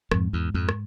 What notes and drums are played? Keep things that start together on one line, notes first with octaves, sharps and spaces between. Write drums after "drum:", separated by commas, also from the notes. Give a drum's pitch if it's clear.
F2 G#2, drum: rim click
E2
F2
drum: rim click